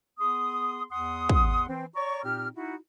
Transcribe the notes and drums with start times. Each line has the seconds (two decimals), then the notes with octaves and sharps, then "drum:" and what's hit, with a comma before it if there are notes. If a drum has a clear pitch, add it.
0.19 B3 G#4 C6 D#6
0.91 E2 F#5 C6 D#6
1.29 drum: kick
1.69 E3 C4
1.95 C#5 D5 A#5 C#6
2.24 A#2 C4 D#4 G4 F6
2.57 D#4 E4 F#4